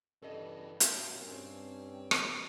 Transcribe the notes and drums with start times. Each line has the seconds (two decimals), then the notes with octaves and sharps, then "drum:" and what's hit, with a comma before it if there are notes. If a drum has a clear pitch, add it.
0.22 G2 C#3 E3 A4 D#5
0.80 F#2 A#2 A5, drum: hi-hat
1.21 G2 C4 C#4
2.11 drum: rim click